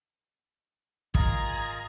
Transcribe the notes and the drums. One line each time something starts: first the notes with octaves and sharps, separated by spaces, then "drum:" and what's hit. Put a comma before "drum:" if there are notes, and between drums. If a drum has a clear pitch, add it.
G#1 F4 G#4 A#4 D#5 A#5, drum: kick